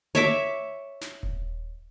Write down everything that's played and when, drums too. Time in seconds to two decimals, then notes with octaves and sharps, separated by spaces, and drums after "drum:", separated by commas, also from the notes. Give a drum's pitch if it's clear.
0.15 C#5 E5 D6, drum: snare
1.01 drum: snare
1.23 drum: kick D#1